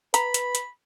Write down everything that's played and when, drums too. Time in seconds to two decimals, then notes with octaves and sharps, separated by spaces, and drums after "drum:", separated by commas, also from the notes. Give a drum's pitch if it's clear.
0.14 B4 A#5 B5, drum: hi-hat
0.34 drum: hi-hat
0.55 drum: hi-hat